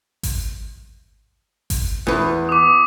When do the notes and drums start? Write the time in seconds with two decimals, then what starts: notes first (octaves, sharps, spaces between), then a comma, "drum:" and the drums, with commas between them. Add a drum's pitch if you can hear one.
0.23 drum: kick G#1, open hi-hat
1.70 drum: kick G#1, open hi-hat
2.07 E2 B4
2.49 D6 D#6